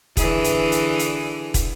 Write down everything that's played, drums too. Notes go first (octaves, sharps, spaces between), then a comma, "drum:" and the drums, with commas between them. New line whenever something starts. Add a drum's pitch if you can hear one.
D3 E3 G#4, drum: kick, hi-hat
drum: hi-hat
drum: hi-hat
drum: hi-hat
drum: kick, hi-hat